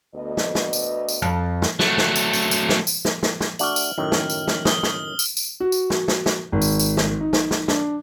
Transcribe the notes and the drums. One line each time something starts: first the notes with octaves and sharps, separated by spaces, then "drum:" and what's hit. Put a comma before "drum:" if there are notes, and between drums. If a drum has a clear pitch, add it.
D2 B3 D#5
drum: snare
drum: snare
drum: tambourine
drum: tambourine
F2
drum: snare
F#3 A3, drum: snare
drum: snare
drum: tambourine
drum: tambourine
drum: tambourine
drum: snare
drum: tambourine
drum: snare
drum: snare
drum: snare
A3 D4 F#4 F6 F#7, drum: tambourine
drum: tambourine
F#2 A2 D#3
drum: snare
drum: tambourine
drum: snare
D#6 G7, drum: snare
drum: snare
drum: tambourine
drum: tambourine
F#4
drum: tambourine
drum: snare
drum: snare
drum: snare
G#1
drum: tambourine
drum: tambourine
drum: snare
D#4
drum: snare
drum: snare
D4, drum: snare